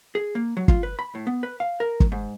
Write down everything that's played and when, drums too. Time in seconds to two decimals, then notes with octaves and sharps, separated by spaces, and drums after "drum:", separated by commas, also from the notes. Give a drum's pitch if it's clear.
0.15 G#4
0.35 A#3
0.57 F#3
0.68 F4, drum: kick
0.83 B4
0.99 B5
1.15 A2
1.27 B3
1.43 B4
1.60 F5
1.80 A#4
2.00 drum: kick
2.12 G#2